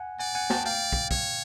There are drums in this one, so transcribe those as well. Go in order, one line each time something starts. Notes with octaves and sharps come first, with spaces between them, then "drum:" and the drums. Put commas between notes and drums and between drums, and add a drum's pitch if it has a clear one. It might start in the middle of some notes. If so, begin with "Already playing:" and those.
Already playing: F#5 G#5
D5 F#5 G#5
F#5 G#5
G5 A5, drum: snare
D5 F5 G5
drum: kick
C#5, drum: kick